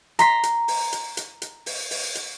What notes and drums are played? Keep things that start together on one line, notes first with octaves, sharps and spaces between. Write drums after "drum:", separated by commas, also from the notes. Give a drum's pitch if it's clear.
A#5 C6 B6, drum: hi-hat
drum: hi-hat
drum: open hi-hat
drum: hi-hat
drum: hi-hat
drum: hi-hat
drum: open hi-hat
drum: open hi-hat
drum: hi-hat